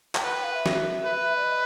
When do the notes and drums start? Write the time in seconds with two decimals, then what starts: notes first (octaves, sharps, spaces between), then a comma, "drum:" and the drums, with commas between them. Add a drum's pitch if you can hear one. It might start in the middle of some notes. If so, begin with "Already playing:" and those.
0.15 G5, drum: clap
0.23 B4 F#5
0.34 G5
0.43 F5
0.54 E5
0.66 drum: snare
1.04 B4
1.37 D5
1.44 D#5